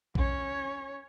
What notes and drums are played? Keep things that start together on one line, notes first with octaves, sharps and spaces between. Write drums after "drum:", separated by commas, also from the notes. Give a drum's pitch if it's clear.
C#4 C#5, drum: kick A#1